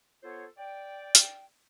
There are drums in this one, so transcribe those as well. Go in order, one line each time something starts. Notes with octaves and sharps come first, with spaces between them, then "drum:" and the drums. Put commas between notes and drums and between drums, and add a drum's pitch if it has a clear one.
B3 F4 A4 C5 C#5
D5 G5
drum: hi-hat